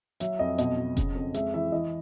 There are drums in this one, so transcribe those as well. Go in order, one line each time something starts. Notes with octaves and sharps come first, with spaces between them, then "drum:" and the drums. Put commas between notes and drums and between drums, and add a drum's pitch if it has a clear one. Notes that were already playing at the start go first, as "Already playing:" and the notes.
F#3 E5, drum: hi-hat
F2 D#5
B2 D#5, drum: hi-hat
B2
C#3, drum: kick F1, hi-hat
F2
G#3 E5, drum: hi-hat
E3 E5
E3 D#5